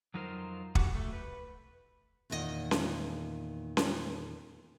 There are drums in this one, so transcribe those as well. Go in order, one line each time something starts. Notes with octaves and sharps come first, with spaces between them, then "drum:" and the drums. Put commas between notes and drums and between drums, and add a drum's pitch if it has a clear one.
F2 F#3 D#4 F4 A#4 C5
F#4 G4 F#5, drum: kick
A3
B4
E2 A#2 D#3 D4 D#5 F#5
drum: snare C#4
drum: snare C#4